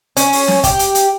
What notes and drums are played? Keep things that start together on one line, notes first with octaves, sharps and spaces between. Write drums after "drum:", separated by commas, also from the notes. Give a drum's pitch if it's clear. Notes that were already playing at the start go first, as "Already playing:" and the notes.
C#4, drum: hi-hat
drum: open hi-hat
drum: snare
G4, drum: kick, hi-hat
drum: hi-hat
drum: hi-hat